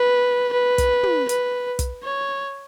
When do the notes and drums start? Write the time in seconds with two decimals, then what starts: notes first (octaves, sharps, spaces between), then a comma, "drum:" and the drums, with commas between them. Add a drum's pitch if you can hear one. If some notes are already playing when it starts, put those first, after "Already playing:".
Already playing: B4
0.53 B4
0.78 drum: kick, hi-hat
1.03 drum: tom
1.29 B4, drum: hi-hat
1.79 drum: kick, hi-hat
2.04 C#5